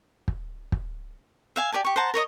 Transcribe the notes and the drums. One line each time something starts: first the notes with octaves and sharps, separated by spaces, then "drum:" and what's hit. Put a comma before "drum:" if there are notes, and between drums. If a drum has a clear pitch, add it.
drum: kick
drum: kick
E5 F5 G#5
G4 D5 G#5 A5
G4 C#6
C5 F#5 A5 A#5
A#4 C#5 D#5 D#6